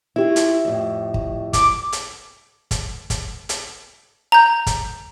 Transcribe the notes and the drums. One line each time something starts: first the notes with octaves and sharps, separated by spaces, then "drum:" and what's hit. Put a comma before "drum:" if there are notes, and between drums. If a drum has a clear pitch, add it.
E4 F4 G4 E5
drum: hi-hat
F2 A2
drum: kick
D6, drum: kick, hi-hat
drum: hi-hat
drum: kick, hi-hat
drum: kick, hi-hat
drum: hi-hat
A#5 G6
drum: kick, hi-hat